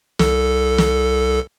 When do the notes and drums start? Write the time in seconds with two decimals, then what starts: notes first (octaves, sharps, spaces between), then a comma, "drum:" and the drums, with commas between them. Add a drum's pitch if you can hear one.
0.19 C2 A4, drum: snare
0.78 drum: snare